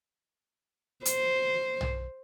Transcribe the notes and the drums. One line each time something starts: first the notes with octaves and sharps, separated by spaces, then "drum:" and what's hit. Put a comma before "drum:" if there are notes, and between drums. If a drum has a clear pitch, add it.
C5, drum: hi-hat
drum: tom B1